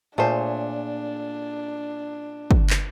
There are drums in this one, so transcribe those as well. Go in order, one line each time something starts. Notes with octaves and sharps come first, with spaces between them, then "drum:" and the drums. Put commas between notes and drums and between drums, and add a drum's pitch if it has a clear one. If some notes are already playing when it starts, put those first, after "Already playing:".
A#2 A3 D4 G#4 C5 C#5
drum: kick
drum: clap